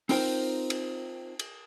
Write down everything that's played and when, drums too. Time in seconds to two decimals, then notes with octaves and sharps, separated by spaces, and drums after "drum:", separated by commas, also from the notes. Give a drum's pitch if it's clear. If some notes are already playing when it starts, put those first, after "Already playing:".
0.09 C4 D#4 F4 A#4 C5 G5, drum: open hi-hat
0.70 drum: cymbal
1.39 drum: cymbal